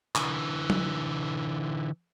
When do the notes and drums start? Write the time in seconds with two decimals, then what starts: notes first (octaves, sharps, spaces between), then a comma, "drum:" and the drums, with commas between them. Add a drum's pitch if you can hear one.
0.15 D3 E3, drum: clap
0.70 drum: tom F#3